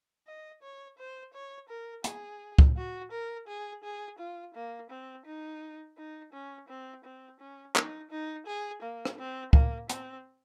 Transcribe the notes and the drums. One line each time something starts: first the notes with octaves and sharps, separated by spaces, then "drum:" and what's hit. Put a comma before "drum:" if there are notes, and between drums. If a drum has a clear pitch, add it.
D#5
C#5
C5
C#5
A#4
G#4, drum: hi-hat
drum: kick C#2
F#4
A#4
G#4
G#4
F4
A#3
C4
D#4
D#4
C#4
C4
C4
C#4
D#4, drum: clap
D#4
G#4
A#3
drum: rim click
C4
A#3, drum: kick C#2
C4, drum: hi-hat